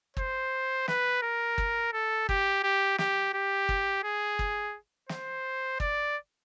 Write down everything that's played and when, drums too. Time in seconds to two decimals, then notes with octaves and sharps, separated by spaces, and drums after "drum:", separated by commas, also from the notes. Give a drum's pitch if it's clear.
0.17 C5, drum: kick
0.88 B4, drum: snare
1.23 A#4
1.58 drum: kick
1.93 A4
2.29 G4, drum: kick
2.64 G4
2.98 G4, drum: snare
3.34 G4
3.69 drum: kick
4.04 G#4
4.39 drum: kick
5.09 C5, drum: snare
5.80 D5, drum: kick